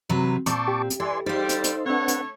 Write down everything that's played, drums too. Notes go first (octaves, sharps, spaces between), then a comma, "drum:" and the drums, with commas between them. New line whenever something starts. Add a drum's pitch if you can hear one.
C3 F#3 B4
A#2 C4 A5 C#6 D6, drum: hi-hat
G4
drum: hi-hat
E3 A4 D5 G#5 C6
G3 D#4 A4 C5 F5
drum: hi-hat
drum: hi-hat
A3 C4 D4 B4 C#5 F#5
drum: hi-hat